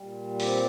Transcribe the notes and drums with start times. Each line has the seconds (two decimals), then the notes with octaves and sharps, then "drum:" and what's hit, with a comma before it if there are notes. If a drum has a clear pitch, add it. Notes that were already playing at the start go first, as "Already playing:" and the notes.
Already playing: A#2 G3
0.40 C4 D5, drum: open hi-hat